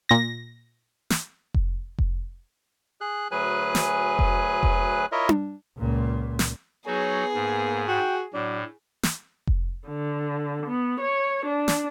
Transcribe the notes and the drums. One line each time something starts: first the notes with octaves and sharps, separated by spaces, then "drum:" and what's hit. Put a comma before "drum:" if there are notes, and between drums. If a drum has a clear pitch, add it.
A#2 A#6
drum: snare
drum: kick F1
drum: kick F1
G#4 F#6
D2 F#3 G#4 B4 G#5 F#6
drum: snare
drum: kick F1
drum: kick F1
E4 F4 A#4 C#5 D#5 E5
drum: tom D4
C#2 A#2
drum: snare
F#3 B3 D#4 F#4 G#4 C#5
G#2 A#3
F#4 G5
A2 F#3 D4
drum: snare
drum: kick F1
D3
B3
C#5
D4
drum: snare